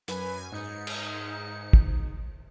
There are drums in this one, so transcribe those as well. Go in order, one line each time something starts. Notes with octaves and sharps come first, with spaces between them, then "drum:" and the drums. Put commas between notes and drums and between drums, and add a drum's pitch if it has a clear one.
F#2 B4 G#5, drum: hi-hat
G#2 D#4 C#7
drum: cymbal
drum: kick